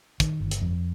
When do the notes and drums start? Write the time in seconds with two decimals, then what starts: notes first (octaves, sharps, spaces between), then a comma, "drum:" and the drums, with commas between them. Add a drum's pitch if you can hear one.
0.20 D#3, drum: kick, hi-hat
0.40 G1
0.51 drum: hi-hat
0.62 F2